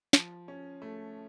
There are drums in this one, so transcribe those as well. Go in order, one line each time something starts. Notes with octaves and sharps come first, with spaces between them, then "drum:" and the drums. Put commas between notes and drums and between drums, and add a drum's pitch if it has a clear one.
F3, drum: snare
C#4
A3